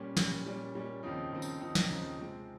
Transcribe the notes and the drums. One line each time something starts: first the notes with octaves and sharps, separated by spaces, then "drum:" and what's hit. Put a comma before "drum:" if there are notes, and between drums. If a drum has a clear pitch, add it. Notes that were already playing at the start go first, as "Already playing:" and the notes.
Already playing: A#2 G3 C#4
A#2 G3 C#4, drum: snare
A#2 G3 C#4
A#2 G3 C#4
D#2 C#3 F3 C4 D#4
D#2 C#3 F3 C4 D#4
drum: tambourine
D#2 C#3 F3 C4 D#4
drum: snare
D#2 C#3 F3 C4 D#4
C3 F3 G#3 C4